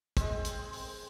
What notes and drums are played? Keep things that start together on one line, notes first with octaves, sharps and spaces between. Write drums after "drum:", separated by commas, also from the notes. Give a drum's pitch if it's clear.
G#3 C4, drum: kick, hi-hat
drum: hi-hat
drum: open hi-hat